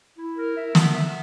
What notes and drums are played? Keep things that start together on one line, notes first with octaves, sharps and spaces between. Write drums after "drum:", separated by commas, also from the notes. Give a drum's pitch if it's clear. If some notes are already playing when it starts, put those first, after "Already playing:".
E4
A#4
E5
B3, drum: snare
E5